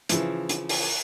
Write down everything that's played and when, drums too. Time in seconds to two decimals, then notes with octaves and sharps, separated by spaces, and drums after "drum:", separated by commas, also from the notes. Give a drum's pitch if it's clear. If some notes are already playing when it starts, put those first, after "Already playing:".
0.09 C#3 E3 F3, drum: hi-hat
0.49 drum: hi-hat
0.69 drum: open hi-hat